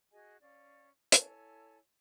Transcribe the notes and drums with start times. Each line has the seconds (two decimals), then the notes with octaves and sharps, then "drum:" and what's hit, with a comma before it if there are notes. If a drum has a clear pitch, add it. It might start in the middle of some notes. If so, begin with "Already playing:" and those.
0.12 F#4 G#4 D#5 G#5
0.41 C#4 D5 F5
1.12 E4 A4 C#5 G#5, drum: hi-hat